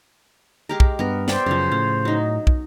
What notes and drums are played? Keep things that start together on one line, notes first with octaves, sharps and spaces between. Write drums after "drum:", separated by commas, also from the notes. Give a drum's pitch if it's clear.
G#3 G4 A#4
drum: kick
G2 B3 A#4
C5 D5 E5 G5, drum: snare
F#2 C#3 F3
A2 C#4
F#3 D#4
drum: kick